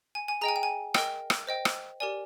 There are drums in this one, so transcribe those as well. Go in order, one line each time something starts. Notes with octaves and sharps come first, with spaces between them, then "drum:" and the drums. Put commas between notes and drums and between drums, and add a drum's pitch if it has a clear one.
G#5
G#5
G#4 D#5 G5 A#5
G#5
G5
G#5
A#4 D#5 G5, drum: rim click
drum: rim click
C5 D#5 G5
drum: rim click
G4 A#4 D5 G#5